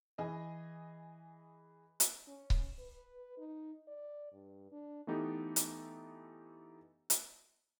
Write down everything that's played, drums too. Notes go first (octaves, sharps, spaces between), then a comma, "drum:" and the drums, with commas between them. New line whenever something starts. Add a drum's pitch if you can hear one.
E3 G#4 D#5
drum: hi-hat
C#4
drum: kick C#1
B4
D#4
D5
G2
D4
E3 A3 B3 D#4 G4 A4
drum: hi-hat
drum: hi-hat